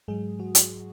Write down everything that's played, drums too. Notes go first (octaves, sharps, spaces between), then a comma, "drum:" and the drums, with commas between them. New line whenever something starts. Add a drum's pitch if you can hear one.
G#2 F#3 G#3 G#4
F#3 F#4
drum: hi-hat